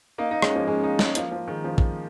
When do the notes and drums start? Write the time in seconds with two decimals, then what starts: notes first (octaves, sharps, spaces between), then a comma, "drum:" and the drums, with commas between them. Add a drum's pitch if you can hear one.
0.18 A#3 D#4
0.31 A#3 D#4
0.42 G#3 C#4, drum: rim click
0.55 F3 A#3
0.67 G#3 C#4
0.83 A#3 D#4
0.99 G#3 C#4, drum: snare
1.15 F3 A#3, drum: hi-hat
1.31 F3
1.47 D#3 G#3
1.64 F3
1.78 drum: kick